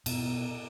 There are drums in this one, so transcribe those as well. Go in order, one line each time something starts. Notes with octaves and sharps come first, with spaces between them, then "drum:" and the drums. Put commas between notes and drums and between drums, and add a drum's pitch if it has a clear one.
B2, drum: cymbal